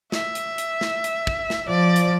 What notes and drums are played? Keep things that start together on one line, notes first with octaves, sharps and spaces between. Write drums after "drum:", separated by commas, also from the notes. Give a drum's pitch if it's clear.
E5, drum: snare
drum: hi-hat
drum: hi-hat
drum: snare
drum: hi-hat
drum: kick
drum: snare
F3 D5
drum: hi-hat